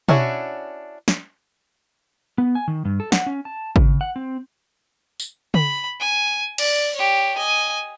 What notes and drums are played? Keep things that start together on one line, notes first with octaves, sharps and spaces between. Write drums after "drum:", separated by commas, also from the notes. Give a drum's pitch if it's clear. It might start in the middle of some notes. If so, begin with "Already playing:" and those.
C#4 D4 E4 F#4, drum: tom B2
drum: snare
B3
G#5
D#3
G2
A4
F#5, drum: snare
C#4
A5
C#3, drum: kick G#1
F#5
C4
drum: tambourine
B5, drum: tom C#3
G#5
D5, drum: cymbal
G4 C#5
D#5 G#5